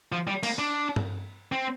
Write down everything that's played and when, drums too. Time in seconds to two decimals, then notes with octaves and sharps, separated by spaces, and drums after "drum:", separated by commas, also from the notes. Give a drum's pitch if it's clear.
0.12 F3
0.27 G3
0.43 A#3, drum: cymbal
0.59 D4
0.96 drum: tom G2
1.52 C4